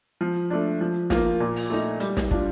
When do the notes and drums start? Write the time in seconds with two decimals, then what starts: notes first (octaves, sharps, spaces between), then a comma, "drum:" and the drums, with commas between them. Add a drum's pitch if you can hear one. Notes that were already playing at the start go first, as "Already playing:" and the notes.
0.21 F3
0.50 A3 D4
0.81 F3
1.10 A#3 F4, drum: snare
1.40 A#2
1.56 drum: open hi-hat
1.70 A3 D#4
2.00 G3, drum: hi-hat
2.17 drum: snare
2.31 D4 F4, drum: kick